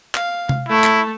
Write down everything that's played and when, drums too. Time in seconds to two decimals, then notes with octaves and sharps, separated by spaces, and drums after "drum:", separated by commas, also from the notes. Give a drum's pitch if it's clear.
0.15 F5, drum: clap
0.49 drum: tom C3
0.69 A3 E4 A5
0.84 drum: clap